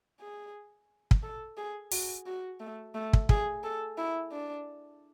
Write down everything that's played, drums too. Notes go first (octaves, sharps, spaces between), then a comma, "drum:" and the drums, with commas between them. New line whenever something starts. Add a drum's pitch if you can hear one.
G#4
drum: kick
A4
G#4
F#4, drum: open hi-hat
F#4
A3
A3
drum: kick
G#4, drum: kick
A4
E4
D4